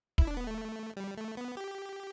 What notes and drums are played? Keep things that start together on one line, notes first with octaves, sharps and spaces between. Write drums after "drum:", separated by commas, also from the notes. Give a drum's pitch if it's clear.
E4, drum: kick
D4
B3
A3
G3
A3
B3
G4